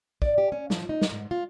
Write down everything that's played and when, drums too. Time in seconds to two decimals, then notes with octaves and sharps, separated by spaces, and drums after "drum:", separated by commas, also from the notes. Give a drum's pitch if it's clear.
0.22 D5, drum: kick
0.38 G4
0.52 C#4
0.70 F3, drum: snare
0.89 D#4
1.01 drum: snare
1.11 G#2
1.31 F4